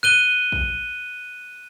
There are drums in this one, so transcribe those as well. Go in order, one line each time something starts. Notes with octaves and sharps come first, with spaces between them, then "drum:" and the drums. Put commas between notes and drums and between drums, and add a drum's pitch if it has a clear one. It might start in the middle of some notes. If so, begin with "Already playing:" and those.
F#6 D#7 G7
drum: kick A#1